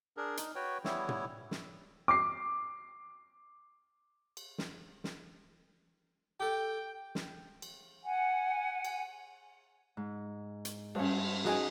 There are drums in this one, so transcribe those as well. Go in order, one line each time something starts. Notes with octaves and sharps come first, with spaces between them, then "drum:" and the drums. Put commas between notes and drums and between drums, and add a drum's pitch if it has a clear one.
D4 G#4 A#4
D#4, drum: hi-hat
F#4 B4 C#5 G5
E3 G3 B3 E4 C#5, drum: snare
drum: tom
drum: snare
D6 C7
drum: cymbal
drum: snare
drum: snare
G4 A4 G5
drum: snare
drum: cymbal
F#5 G#5
drum: cymbal
G#2
drum: hi-hat
G2 C#4, drum: cymbal
D#4 F#4 G#4 D#5 G#5, drum: snare